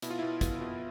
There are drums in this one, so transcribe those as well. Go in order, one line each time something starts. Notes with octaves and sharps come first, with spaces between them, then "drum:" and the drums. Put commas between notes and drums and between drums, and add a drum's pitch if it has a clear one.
B2 E4, drum: hi-hat
F4
B2 E4
B2, drum: kick, hi-hat
B2